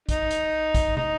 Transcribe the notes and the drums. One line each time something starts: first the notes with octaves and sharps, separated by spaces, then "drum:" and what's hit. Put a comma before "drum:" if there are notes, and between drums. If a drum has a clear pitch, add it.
D#4, drum: kick, hi-hat
drum: hi-hat
drum: kick, hi-hat
D#4, drum: tom